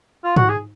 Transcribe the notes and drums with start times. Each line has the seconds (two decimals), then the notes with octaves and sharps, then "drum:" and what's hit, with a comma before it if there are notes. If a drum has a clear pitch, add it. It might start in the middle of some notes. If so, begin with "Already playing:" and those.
0.24 F4
0.36 F#4, drum: tom G#2
0.49 G#4